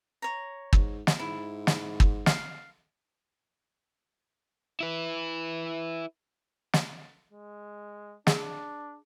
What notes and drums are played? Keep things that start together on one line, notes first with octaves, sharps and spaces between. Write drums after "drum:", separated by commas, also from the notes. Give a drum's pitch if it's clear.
C#5 A#5
G#2, drum: kick
drum: snare
G#2 E4
drum: snare
drum: kick
F5, drum: snare
E4 B4
drum: snare
G#3
D4 G#4, drum: snare